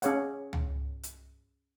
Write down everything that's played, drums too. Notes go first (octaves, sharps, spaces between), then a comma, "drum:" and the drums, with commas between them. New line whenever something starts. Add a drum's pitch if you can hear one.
C#4 G#4 C#5 F5 F#5, drum: hi-hat
drum: tom
drum: hi-hat